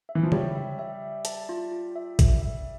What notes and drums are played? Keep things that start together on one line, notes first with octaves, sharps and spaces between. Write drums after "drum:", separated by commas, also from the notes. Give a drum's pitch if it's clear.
E5
E3
F3
G3 C#5, drum: tom C#3
E5
E5
E5
A5, drum: hi-hat
F4
F4
E5
E5, drum: kick, hi-hat
E5